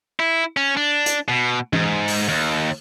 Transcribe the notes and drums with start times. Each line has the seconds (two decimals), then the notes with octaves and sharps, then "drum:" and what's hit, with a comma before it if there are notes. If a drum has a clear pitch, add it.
0.20 E4
0.57 C#4
0.77 D4
1.06 drum: hi-hat
1.29 B2
1.73 G#2, drum: tom E3
2.08 drum: open hi-hat
2.29 D#2